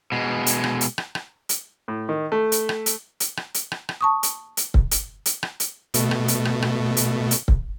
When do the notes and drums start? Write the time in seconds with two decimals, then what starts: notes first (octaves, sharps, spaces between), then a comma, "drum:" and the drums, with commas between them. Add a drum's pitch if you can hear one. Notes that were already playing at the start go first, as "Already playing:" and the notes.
0.12 B2 G#3
0.46 drum: hi-hat
0.64 drum: rim click
0.81 drum: hi-hat
0.98 drum: rim click
1.15 drum: rim click
1.49 drum: hi-hat
1.88 A2
2.09 D#3
2.32 A3
2.52 drum: hi-hat
2.69 drum: rim click
2.86 drum: hi-hat
3.20 drum: hi-hat
3.37 drum: rim click
3.54 drum: hi-hat
3.72 drum: rim click
3.89 drum: rim click
4.01 A5 C#6 D#6
4.23 drum: hi-hat
4.57 drum: hi-hat
4.74 drum: kick C#1
4.91 drum: hi-hat
5.26 drum: hi-hat
5.43 drum: rim click
5.60 drum: hi-hat
5.94 B2 A3, drum: hi-hat
6.11 drum: rim click
6.28 drum: hi-hat
6.45 drum: rim click
6.62 drum: rim click
6.97 drum: hi-hat
7.31 drum: hi-hat
7.48 drum: kick C#1